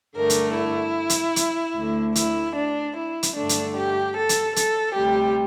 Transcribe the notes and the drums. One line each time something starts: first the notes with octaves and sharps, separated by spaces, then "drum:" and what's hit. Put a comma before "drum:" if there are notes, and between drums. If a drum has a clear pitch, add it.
G2 D3 A3 A#4
drum: hi-hat
E4
drum: hi-hat
drum: hi-hat
D2 D3 A3
E4, drum: hi-hat
D4
E4
drum: hi-hat
G2 D3 A3 D4
drum: hi-hat
G4
A4
drum: hi-hat
A4, drum: hi-hat
D2 C3 G3 G4